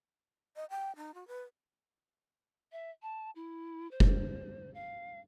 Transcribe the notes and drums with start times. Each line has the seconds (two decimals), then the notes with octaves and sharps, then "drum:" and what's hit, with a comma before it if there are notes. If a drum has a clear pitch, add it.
0.56 D#5
0.70 G5
0.96 D#4
1.15 F#4
1.28 B4
2.72 E5
3.02 A5
3.35 E4
3.91 C5
4.00 drum: kick F1
4.74 F5